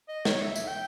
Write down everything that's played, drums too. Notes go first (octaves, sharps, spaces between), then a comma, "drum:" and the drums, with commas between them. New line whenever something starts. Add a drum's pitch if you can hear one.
D#5
C#5, drum: snare
E5
E5, drum: tambourine
G5